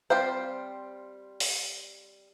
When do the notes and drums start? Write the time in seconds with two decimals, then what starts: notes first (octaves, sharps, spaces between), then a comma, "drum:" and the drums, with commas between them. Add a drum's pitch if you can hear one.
0.10 G3 C4 F4 C5
1.40 drum: open hi-hat